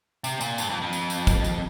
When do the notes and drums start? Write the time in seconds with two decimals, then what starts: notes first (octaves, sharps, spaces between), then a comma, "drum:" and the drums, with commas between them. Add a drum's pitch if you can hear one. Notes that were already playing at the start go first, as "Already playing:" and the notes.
0.24 C3, drum: tambourine
0.41 A#2, drum: tambourine
0.58 G2, drum: tambourine
0.70 F2
0.82 F2
0.93 drum: tambourine
1.10 drum: tambourine
1.27 drum: kick, tambourine
1.44 drum: tambourine